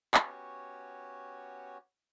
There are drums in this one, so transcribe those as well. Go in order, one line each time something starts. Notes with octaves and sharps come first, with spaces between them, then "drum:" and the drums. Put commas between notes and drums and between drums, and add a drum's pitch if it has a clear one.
B3 C#4 F#4 G4 C#5, drum: clap